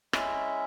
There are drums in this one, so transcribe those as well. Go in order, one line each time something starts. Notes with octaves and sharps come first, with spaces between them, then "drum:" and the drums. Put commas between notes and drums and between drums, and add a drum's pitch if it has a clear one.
G#3 C#4 E4 E5, drum: rim click